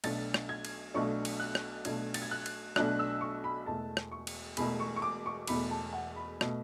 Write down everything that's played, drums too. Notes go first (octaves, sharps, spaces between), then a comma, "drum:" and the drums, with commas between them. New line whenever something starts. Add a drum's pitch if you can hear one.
B1 B2 A3 D4 A6, drum: cymbal
drum: rim click
G#6
drum: cymbal
B1 B2 A3 D4 C#6
drum: cymbal
F#6
drum: rim click
B1 B2 A3 D4 G#6, drum: cymbal
A6, drum: cymbal
G#6
F#6
drum: cymbal
B1 B2 A3 D4 F#6, drum: rim click
E6
C#6
B5
E1 E2 B2 A3 A5
drum: rim click
C#6
drum: cymbal
E1 E2 B2 A3 B5, drum: cymbal
C#6
C#6
D6
C#6
E1 E2 B2 A3 B5, drum: cymbal
A5
F#5
B5
B2 A3, drum: rim click